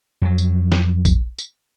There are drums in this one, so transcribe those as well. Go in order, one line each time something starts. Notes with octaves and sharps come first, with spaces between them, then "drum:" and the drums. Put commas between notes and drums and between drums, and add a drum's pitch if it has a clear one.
F2 F#3
drum: tambourine
drum: snare
drum: kick A#1, tambourine
drum: tambourine